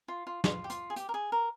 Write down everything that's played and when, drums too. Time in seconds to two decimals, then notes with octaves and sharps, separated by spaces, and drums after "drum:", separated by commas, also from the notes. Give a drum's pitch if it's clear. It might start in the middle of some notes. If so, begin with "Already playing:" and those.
0.08 F4
0.27 F4
0.44 F4, drum: snare
0.64 G4
0.70 F4, drum: hi-hat
0.90 G#4
0.96 G4, drum: hi-hat
1.09 A#4
1.14 G#4
1.32 A#4